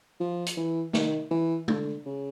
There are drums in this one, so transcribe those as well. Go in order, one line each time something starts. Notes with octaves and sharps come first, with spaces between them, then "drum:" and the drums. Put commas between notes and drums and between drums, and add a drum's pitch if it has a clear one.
F3
drum: hi-hat
E3
D#3, drum: snare
E3
D3, drum: tom G#3
C#3